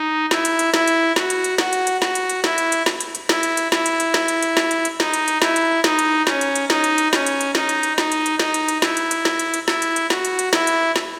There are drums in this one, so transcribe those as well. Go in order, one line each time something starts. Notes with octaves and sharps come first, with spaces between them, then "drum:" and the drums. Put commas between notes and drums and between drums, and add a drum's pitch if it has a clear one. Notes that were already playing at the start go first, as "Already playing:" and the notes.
Already playing: D#4
E4, drum: snare
drum: hi-hat
drum: hi-hat
E4, drum: snare
drum: hi-hat
F#4, drum: snare
drum: hi-hat
drum: hi-hat
F#4, drum: snare
drum: hi-hat
drum: hi-hat
F#4, drum: snare
drum: hi-hat
drum: hi-hat
E4, drum: snare
drum: hi-hat
drum: hi-hat
drum: snare
drum: hi-hat
drum: hi-hat
E4, drum: snare
drum: hi-hat
drum: hi-hat
E4, drum: snare
drum: hi-hat
drum: hi-hat
drum: snare
drum: hi-hat
drum: hi-hat
drum: snare
drum: hi-hat
drum: hi-hat
D#4, drum: snare
drum: hi-hat
drum: hi-hat
E4, drum: snare
drum: hi-hat
D#4, drum: snare
drum: hi-hat
C#4, drum: snare
drum: hi-hat
drum: hi-hat
D#4, drum: snare
drum: hi-hat
drum: hi-hat
C#4, drum: snare
drum: hi-hat
drum: hi-hat
D#4, drum: snare
drum: hi-hat
drum: hi-hat
D#4, drum: snare
drum: hi-hat
drum: hi-hat
D#4, drum: snare
drum: hi-hat
drum: hi-hat
E4, drum: snare
drum: hi-hat
drum: hi-hat
drum: snare
drum: hi-hat
drum: hi-hat
E4, drum: snare
drum: hi-hat
drum: hi-hat
F#4, drum: snare
drum: hi-hat
drum: hi-hat
E4, drum: snare
drum: hi-hat
drum: snare